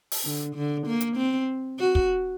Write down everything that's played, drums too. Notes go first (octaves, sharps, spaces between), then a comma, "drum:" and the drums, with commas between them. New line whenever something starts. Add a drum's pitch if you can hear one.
drum: open hi-hat
D3
D3
A#3
drum: hi-hat
C4
F#4
drum: kick